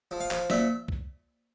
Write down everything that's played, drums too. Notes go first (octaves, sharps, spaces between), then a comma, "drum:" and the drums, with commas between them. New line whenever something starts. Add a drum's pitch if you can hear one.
F3
F5
F3, drum: clap
A#2 E5, drum: snare
drum: kick C2